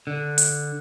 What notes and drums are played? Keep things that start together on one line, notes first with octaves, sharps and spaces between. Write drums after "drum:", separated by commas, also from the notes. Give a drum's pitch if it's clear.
D3
drum: hi-hat